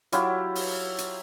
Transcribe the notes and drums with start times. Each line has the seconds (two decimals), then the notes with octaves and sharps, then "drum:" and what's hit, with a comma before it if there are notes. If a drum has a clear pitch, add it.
0.12 F#3 E4 F4 G4, drum: hi-hat
0.55 drum: open hi-hat
0.98 drum: hi-hat